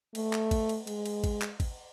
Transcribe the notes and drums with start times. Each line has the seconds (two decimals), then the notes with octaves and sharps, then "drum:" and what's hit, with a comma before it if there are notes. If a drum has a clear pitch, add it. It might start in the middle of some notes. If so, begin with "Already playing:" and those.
0.15 A3, drum: cymbal
0.33 drum: clap
0.51 drum: kick, cymbal
0.69 drum: cymbal
0.87 G#3, drum: cymbal
1.06 drum: cymbal
1.24 drum: kick, cymbal
1.42 drum: clap
1.60 drum: kick, cymbal